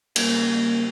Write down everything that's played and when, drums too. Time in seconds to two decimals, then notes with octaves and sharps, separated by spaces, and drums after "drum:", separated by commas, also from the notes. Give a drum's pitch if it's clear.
0.16 C#3 G3 A#3, drum: cymbal